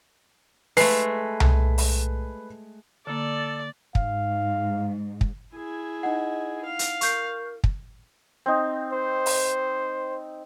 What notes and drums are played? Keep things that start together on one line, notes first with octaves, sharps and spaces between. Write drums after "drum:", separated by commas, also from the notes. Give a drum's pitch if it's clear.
G#3 A3 B4 C7, drum: open hi-hat
drum: tom C2
drum: open hi-hat
D3 A#3 A4 D5
G#2 F5, drum: kick
drum: kick
E4 G#4
D#4 D#5 F#5
F5
drum: hi-hat
A#4 C#6 G6 C7, drum: hi-hat
drum: kick
C4 D#4
C5
drum: open hi-hat